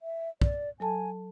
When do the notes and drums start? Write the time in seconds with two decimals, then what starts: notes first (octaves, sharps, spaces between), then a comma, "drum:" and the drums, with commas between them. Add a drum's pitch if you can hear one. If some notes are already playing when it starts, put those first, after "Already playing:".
0.01 E5
0.42 D5, drum: kick
0.80 F#3 A4 G#5 A5